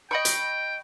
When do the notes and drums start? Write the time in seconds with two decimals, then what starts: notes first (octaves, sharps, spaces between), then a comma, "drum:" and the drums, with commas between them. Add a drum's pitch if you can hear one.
0.11 D#5 G5 B5 C#6
0.25 drum: hi-hat